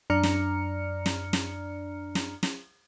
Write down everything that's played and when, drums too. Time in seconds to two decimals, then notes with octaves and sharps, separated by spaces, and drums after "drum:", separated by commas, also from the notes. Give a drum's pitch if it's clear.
0.10 F#2 D4 D5 A#5 F6 C#7
0.23 drum: snare
1.06 drum: snare
1.33 drum: snare
2.15 drum: snare
2.43 drum: snare